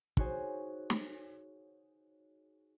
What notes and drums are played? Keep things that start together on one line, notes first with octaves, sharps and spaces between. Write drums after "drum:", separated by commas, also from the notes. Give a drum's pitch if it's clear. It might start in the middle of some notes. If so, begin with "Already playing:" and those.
D#4 F#4 G#4 C5 C#5 G#5, drum: kick
drum: snare